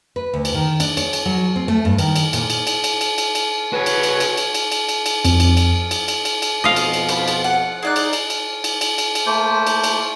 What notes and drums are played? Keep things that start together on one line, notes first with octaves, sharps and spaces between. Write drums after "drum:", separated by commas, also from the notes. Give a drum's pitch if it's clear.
B4
D2
drum: cymbal
D#3
D4, drum: cymbal
C#5, drum: cymbal
drum: cymbal
F#3
C4
A3
G2
D#3, drum: cymbal
drum: cymbal
A#2, drum: cymbal
drum: cymbal
drum: cymbal
drum: cymbal
drum: cymbal
drum: cymbal
drum: cymbal
F#4 G#4 B4 C#5
drum: cymbal
drum: cymbal
drum: cymbal
drum: cymbal
drum: cymbal
drum: cymbal
drum: cymbal
drum: cymbal
F2, drum: cymbal
drum: cymbal
drum: cymbal
drum: cymbal
drum: cymbal
drum: cymbal
drum: cymbal
F2 B2 F3 D#5 F5
drum: cymbal
drum: cymbal
C5 B5, drum: cymbal
drum: cymbal
F#5
D#4 G#4 D5 F#6
drum: cymbal
drum: cymbal
drum: cymbal
drum: cymbal
drum: cymbal
drum: cymbal
drum: cymbal
A3 A#3 C5
drum: cymbal
drum: cymbal